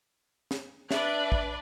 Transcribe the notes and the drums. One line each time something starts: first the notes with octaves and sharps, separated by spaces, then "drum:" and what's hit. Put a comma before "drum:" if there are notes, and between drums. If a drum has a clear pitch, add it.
drum: snare
D4 B4 D5 E5, drum: snare
drum: kick